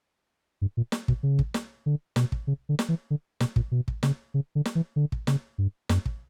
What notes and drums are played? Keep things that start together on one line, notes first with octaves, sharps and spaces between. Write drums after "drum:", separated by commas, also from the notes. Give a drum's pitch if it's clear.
G2
A#2
drum: snare
B2, drum: kick
C#3
drum: kick
drum: snare
D3
B2, drum: snare
drum: kick
C#3
D3
drum: snare
E3
D3
B2, drum: snare
A#2, drum: kick
B2
drum: kick
C#3, drum: snare
C#3
D3
drum: snare
E3
D3
drum: kick
C#3, drum: snare
G2
F#2, drum: snare
drum: kick